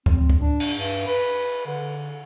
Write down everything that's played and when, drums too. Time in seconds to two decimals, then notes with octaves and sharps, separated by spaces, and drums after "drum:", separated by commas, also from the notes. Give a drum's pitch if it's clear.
0.06 C4, drum: kick C#2
0.30 drum: kick C#2
0.40 D4
0.60 drum: cymbal
0.78 G2
1.07 B4
1.67 D3